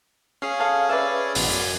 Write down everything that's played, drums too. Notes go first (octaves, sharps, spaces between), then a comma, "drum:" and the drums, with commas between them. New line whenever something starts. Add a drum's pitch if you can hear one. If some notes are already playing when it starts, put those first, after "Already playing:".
C#4 G#4 F5
A4 F5 D#6
B4 D5 E5
A1 B2 C6, drum: open hi-hat
F#2 G#5 B6